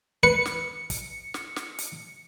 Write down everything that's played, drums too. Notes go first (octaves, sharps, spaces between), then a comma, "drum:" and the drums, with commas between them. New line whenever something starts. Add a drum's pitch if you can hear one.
B4 C#7
drum: snare
drum: kick, hi-hat
drum: snare
drum: snare
drum: hi-hat